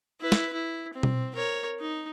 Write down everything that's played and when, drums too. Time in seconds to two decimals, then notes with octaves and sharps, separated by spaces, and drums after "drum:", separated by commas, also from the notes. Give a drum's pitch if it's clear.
0.21 E4 B4
0.32 drum: snare
0.53 E4
0.94 C4
1.03 drum: tom B2
1.35 A#4 C#5
1.80 D#4